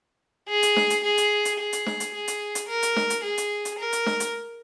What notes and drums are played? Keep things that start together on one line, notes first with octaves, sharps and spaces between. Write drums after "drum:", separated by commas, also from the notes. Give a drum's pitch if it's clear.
G#4
drum: hi-hat
drum: snare
drum: hi-hat
G#4
drum: hi-hat
drum: hi-hat
G#4
drum: hi-hat
drum: snare
drum: hi-hat
G#4
drum: hi-hat
drum: hi-hat
A#4
drum: hi-hat
drum: snare
drum: hi-hat
G#4
drum: hi-hat
drum: hi-hat
A#4
drum: hi-hat
drum: snare
drum: hi-hat